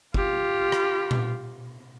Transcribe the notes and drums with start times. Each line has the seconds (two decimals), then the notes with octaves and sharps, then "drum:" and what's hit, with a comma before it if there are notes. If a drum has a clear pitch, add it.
0.14 F4 G4, drum: kick
0.72 drum: rim click
1.11 drum: tom A#2